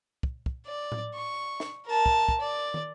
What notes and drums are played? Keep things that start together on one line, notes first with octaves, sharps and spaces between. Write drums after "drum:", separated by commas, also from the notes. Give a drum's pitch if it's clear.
drum: kick
drum: kick
D5
drum: tom A2
C#6
drum: snare
A#4 A5
drum: kick
drum: kick
D5
drum: tom